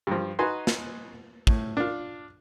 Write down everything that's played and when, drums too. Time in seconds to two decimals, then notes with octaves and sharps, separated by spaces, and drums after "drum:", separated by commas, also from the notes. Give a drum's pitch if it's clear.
0.07 G2 F3
0.39 D#4 F#4 B4 G#5 C6
0.67 drum: snare
1.47 A2, drum: kick
1.77 D4 F4